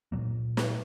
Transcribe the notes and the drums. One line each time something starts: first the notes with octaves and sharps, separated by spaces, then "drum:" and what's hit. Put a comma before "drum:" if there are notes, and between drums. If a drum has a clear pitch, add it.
A#2 F#3 A#3
drum: snare